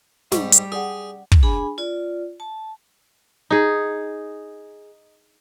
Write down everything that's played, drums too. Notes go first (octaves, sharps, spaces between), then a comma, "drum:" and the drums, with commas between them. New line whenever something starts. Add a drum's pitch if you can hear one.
G#2 G3 G4 C#6, drum: snare
drum: hi-hat
C#4 G#4 D5 F#5
drum: kick
D4 G#4 G#5 B5
F4 D5
A5
D#4 G#4